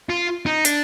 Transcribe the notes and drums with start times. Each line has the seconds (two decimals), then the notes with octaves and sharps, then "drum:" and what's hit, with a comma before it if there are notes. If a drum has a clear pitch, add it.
0.10 F4
0.46 D#4
0.65 D4, drum: hi-hat